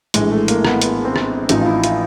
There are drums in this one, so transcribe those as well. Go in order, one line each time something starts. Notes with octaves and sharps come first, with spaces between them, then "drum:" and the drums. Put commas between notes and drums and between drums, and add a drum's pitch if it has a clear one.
A#1 A2 E3 G#3, drum: hi-hat
A3
A#3, drum: hi-hat
B3, drum: rim click
B3, drum: hi-hat
C4
drum: rim click
A1 A2 F3 D#4, drum: hi-hat
F4
E4
F4, drum: hi-hat